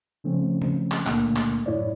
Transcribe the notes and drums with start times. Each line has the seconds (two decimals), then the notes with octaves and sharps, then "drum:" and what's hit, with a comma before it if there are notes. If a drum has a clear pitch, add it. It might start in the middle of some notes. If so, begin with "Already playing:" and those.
0.24 C#3 F3 A3 C4 C#4
0.62 drum: tom
0.91 drum: clap
1.06 C#2 A#2 D3 A3 A#3, drum: clap
1.36 drum: clap
1.66 F#2 A2 E4 C#5 D5